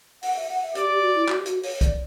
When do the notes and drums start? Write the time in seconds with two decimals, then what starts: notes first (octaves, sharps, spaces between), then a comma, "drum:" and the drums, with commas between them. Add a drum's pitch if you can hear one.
0.23 F#5, drum: open hi-hat
0.36 E5
0.49 F#5
0.63 E5
0.75 G4 D5, drum: hi-hat
0.89 G4
1.02 F#4
1.15 E4
1.28 F#4, drum: clap
1.39 G4
1.46 F#4, drum: hi-hat
1.63 C#5, drum: open hi-hat
1.81 D5, drum: kick B1, hi-hat